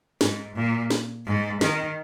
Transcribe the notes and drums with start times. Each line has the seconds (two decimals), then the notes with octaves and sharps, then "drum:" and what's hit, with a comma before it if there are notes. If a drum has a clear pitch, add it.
0.21 G#2, drum: snare
0.56 A#2
0.90 drum: snare
1.26 G#2
1.61 D#3, drum: snare